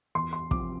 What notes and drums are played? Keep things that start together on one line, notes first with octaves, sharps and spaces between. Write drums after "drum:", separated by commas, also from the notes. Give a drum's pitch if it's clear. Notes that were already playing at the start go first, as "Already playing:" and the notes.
E2 C6
C6
C3 F3 C4 D6, drum: kick